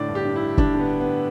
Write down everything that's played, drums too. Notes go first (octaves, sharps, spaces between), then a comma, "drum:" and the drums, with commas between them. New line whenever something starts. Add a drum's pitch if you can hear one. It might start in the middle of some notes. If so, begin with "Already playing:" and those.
Already playing: A2 D3 D5
G2
G4
D3
E4
D3
D3 D4, drum: kick
D3 B3
D3
B3
D3